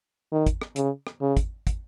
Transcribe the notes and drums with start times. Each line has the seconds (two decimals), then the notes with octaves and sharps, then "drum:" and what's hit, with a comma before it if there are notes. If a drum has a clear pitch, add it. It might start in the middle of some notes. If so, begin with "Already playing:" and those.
0.32 D#3
0.46 drum: kick, hi-hat
0.61 drum: rim click
0.76 C#3, drum: hi-hat
1.07 drum: rim click
1.21 C#3
1.37 drum: kick, hi-hat
1.67 drum: kick, hi-hat